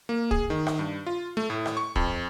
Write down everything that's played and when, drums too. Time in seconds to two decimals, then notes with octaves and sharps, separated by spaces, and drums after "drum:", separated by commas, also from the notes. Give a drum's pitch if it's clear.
0.09 A#3
0.31 G#4, drum: kick
0.50 D#3
0.67 drum: rim click
0.79 G2
1.06 F4
1.37 A3
1.50 A2
1.66 drum: rim click
1.77 C#6
1.96 F2, drum: kick